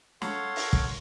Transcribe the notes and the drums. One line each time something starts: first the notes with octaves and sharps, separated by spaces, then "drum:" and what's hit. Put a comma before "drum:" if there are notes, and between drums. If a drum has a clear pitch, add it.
A4 C#5 F5 F#5 C6, drum: snare
drum: open hi-hat
drum: kick